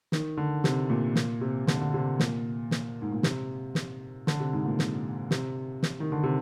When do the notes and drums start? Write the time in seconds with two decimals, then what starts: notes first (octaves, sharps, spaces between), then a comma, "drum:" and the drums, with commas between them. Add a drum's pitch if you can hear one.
0.12 D#3, drum: snare
0.37 D3
0.64 C3, drum: snare
0.90 A#2
1.16 A#2, drum: snare
1.41 C3
1.67 D3, drum: snare
1.81 D3
1.94 C3
2.20 A#2, drum: snare
2.71 drum: snare
3.02 G#2
3.12 A#2
3.23 C3, drum: snare
3.75 drum: snare
4.27 D3, drum: snare
4.40 C3
4.53 G#2
4.66 A#2
4.79 drum: snare
5.31 C3, drum: snare
5.83 drum: snare
6.00 D#3
6.12 D3
6.23 C3